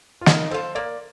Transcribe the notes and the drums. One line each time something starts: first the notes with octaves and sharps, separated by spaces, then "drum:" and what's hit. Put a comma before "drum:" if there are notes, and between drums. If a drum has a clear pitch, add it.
F4
A#3 D#4, drum: snare
F4 A4 C5
A#3 D5